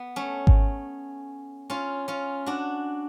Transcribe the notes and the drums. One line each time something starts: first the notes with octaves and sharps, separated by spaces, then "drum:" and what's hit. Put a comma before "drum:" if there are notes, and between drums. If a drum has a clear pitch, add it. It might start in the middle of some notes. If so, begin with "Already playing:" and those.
Already playing: B3
A3 C#4
drum: kick G#1
C#4 F4
C#4 F4
D4 F#4